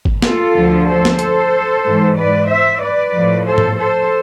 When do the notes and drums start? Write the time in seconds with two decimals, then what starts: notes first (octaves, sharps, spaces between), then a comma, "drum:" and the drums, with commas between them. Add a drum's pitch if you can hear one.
0.05 drum: kick G1
0.22 F4 A4, drum: snare A#3
0.54 D2 D3 F3
0.87 A4 C5
1.05 drum: snare A#3
1.19 A4 C5, drum: hi-hat
1.84 G#2 E3
2.16 B4 D5
2.48 C5 E5
2.81 B4 D5
3.13 A2 F3
3.46 A4 C5
3.58 drum: tom
3.79 A4 C5